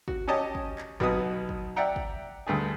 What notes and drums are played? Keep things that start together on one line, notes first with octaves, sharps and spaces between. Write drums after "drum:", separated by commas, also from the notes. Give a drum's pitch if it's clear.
F#4, drum: kick
C#4 G4 C#5 D#5 A5
drum: kick
drum: clap
B1 B2 F#4 B4 D#6, drum: kick
drum: kick
D5 E5 F#5 G5 A#5
drum: kick
D2 G2 A3 G#4